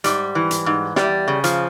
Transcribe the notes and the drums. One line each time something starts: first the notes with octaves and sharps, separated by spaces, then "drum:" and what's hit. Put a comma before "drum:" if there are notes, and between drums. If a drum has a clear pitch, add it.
G#2 G3, drum: hi-hat
E3
drum: hi-hat
G#2
E2 G3, drum: snare
C#3
F3, drum: hi-hat